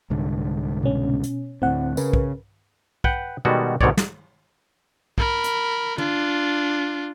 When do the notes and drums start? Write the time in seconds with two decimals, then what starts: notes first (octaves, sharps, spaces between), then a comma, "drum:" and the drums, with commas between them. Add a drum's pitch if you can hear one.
0.10 C2 G#2 D3
0.83 B2 C#4
1.24 drum: hi-hat
1.62 D2 A2 C4 F#5
1.97 C#3 A#4 B4, drum: tambourine
2.13 drum: kick
3.04 B4 F#5 G5, drum: kick
3.45 B2 D#3 G3 G#3 F#4 A4
3.81 D#2 G#2 B2 C4 C#5 D5, drum: kick
3.97 drum: snare
5.18 A#4 B5, drum: kick
5.44 drum: hi-hat
5.98 D4 F4, drum: tom